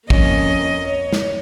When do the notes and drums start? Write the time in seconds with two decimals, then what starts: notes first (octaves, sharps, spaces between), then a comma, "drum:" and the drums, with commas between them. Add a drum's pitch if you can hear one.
0.10 F2 F3 A#3 C#4 D#5, drum: kick
0.88 C#5
1.13 drum: snare